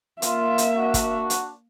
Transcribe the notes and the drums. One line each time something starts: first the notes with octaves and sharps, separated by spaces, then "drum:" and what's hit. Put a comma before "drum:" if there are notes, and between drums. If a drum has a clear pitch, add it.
A#3 F4 E5, drum: hi-hat
drum: hi-hat
D4 F#4
drum: kick, hi-hat
drum: hi-hat